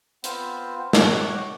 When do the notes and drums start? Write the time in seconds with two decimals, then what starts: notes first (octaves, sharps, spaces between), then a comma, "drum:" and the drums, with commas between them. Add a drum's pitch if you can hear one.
0.24 B3 C4 F4 C5, drum: hi-hat
0.93 C#5 F#5 G5 D6, drum: snare